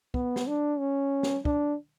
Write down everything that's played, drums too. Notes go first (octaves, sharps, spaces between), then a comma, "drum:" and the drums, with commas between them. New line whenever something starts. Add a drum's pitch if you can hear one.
B3, drum: kick
drum: snare
D4
C#4
drum: snare
D4, drum: kick